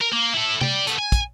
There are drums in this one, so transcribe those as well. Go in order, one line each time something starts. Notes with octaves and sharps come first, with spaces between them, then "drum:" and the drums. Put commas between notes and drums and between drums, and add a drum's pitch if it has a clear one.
A#4
A#3
E4 A4
D5 G5, drum: tom C3
A3 B3, drum: hi-hat
G#5
drum: kick, hi-hat